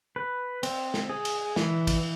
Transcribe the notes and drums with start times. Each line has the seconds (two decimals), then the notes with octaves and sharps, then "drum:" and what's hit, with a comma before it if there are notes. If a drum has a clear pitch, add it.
0.16 B4
0.63 C4, drum: cymbal
0.94 drum: snare
1.09 G#4
1.25 drum: cymbal
1.56 E3, drum: snare
1.87 drum: kick, cymbal